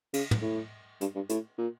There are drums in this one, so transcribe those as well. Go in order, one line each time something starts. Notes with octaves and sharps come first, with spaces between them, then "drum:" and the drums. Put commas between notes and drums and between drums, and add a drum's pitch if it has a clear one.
C#3, drum: cymbal
drum: tom
A2
G2, drum: hi-hat
G2
A2, drum: hi-hat
A#2